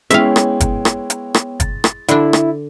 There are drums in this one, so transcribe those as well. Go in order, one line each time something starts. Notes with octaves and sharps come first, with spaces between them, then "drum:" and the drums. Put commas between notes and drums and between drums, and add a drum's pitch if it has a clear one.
G#3 B3 C#4 E4 C#5 E5 F5 G5, drum: hi-hat
drum: rim click
drum: kick, hi-hat
drum: rim click
drum: hi-hat
drum: rim click
A6, drum: kick, hi-hat
drum: rim click
D3 D4 E4, drum: hi-hat
drum: rim click